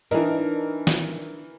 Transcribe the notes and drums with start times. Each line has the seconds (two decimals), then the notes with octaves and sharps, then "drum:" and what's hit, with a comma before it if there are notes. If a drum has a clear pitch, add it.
0.11 E3 D4 D#4 A#4
0.87 drum: snare